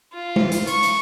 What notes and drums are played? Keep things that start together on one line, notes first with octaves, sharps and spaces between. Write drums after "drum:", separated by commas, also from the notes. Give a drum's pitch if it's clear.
F4
drum: tom G#3
drum: hi-hat
C#6, drum: hi-hat
drum: hi-hat